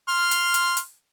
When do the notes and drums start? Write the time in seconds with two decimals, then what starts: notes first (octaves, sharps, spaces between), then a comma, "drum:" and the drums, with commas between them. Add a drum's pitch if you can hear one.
0.09 C6 F6
0.31 drum: hi-hat
0.54 drum: hi-hat
0.77 drum: hi-hat